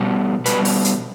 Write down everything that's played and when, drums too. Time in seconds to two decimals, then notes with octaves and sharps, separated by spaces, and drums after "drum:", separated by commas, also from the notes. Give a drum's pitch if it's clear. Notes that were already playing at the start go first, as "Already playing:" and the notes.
Already playing: B2 G3
0.46 B2 G3 B4, drum: hi-hat
0.65 drum: open hi-hat
0.84 drum: hi-hat